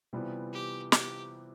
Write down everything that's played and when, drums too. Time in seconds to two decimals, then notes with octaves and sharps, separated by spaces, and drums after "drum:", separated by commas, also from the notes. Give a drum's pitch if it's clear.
0.13 C3 E3 G3 B3 F4
0.53 G4
0.92 G4, drum: snare